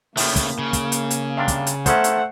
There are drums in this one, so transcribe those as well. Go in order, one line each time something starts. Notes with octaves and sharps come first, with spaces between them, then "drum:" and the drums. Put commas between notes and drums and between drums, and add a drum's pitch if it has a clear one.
A2 C#3 F3 A3 A#3, drum: open hi-hat
drum: kick, hi-hat
C#3
drum: kick, hi-hat
drum: hi-hat
drum: hi-hat
G2 C3 D4 F5
drum: kick, hi-hat
drum: hi-hat
B2 D#3 A3 C#4 A4 C5 E5 F#5, drum: kick, hi-hat
drum: hi-hat